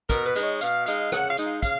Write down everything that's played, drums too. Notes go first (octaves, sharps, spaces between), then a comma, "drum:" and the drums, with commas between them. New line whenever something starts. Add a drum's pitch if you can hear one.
B2 A#4, drum: kick, hi-hat
B4
G#3 D#4, drum: hi-hat
C#5
B2 F5, drum: hi-hat
G#3 D#4 F5, drum: hi-hat
C#3 F#5, drum: rim click
F5
G#3 D#4, drum: hi-hat
F5
C#3 F5, drum: kick, hi-hat